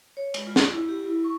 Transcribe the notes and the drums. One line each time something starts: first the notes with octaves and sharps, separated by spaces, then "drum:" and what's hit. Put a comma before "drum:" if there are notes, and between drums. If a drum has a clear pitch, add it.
C#5
G#3, drum: cymbal
F4
drum: snare
E4
G4
E4
C#6